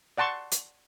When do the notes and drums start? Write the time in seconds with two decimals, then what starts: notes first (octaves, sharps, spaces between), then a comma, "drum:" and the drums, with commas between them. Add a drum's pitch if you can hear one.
0.18 D5 F#5 A5 C6 C#6
0.52 drum: hi-hat